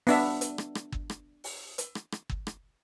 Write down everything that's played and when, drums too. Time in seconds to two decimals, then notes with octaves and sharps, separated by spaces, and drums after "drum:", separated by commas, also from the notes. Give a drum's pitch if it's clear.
0.07 B3 D4 E5, drum: open hi-hat
0.41 drum: hi-hat
0.58 drum: rim click
0.75 drum: rim click
0.92 drum: kick
1.10 drum: rim click
1.44 drum: open hi-hat
1.78 drum: hi-hat
1.95 drum: rim click
2.12 drum: rim click
2.29 drum: kick
2.47 drum: rim click